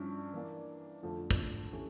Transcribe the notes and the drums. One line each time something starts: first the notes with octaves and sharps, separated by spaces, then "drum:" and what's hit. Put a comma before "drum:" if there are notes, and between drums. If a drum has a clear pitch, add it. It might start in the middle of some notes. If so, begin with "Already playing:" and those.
Already playing: G2 F3 C#4 E4
E3 A#3 D4
F2 D3 F3 A3
drum: kick
A2 E3 A3 C#4 G4